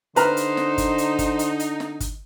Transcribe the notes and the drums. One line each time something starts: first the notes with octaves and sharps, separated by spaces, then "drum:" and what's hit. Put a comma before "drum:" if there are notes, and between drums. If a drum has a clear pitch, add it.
D3 D#4 B4 C5 A#5 F6, drum: hi-hat
drum: hi-hat
drum: snare
drum: kick, hi-hat
drum: hi-hat
drum: kick, hi-hat
drum: hi-hat
drum: hi-hat
drum: snare
drum: kick, hi-hat